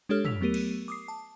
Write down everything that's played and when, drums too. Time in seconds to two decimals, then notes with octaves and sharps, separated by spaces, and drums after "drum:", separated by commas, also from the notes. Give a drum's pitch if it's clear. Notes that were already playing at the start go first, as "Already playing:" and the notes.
0.09 G#3 D4 G4 A4 C#5 F6
0.25 E6 B6 F7, drum: tom
0.41 F#3 A3 B3 G4 A#4 D#7
0.54 drum: cymbal
0.88 D6 D#6 C7
1.08 A5